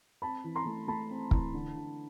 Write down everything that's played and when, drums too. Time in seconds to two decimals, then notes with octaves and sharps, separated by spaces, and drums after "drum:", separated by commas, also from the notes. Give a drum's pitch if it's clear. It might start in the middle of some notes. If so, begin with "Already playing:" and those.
0.22 C4 A5 B5
0.44 E3
0.55 A#5 C6
0.66 A3
0.88 A3 A5 B5
1.10 C4
1.31 E3, drum: kick
1.54 D3
1.76 D3